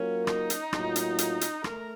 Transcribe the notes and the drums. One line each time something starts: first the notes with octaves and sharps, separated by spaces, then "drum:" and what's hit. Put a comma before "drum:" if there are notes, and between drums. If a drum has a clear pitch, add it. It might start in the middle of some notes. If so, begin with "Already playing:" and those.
Already playing: F#3 A#3 C#4 F4 A#4
D#4, drum: rim click
drum: hi-hat
A2 F#3 A#3 F4, drum: rim click
drum: hi-hat
drum: hi-hat
drum: hi-hat
A3 A#4, drum: rim click